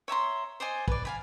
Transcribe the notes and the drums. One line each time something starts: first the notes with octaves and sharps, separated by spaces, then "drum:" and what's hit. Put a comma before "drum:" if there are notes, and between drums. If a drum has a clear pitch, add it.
C#5 E5 A#5 C6
C5 D5 D#5 G#5
B4 D5, drum: kick
F5 G#5 B5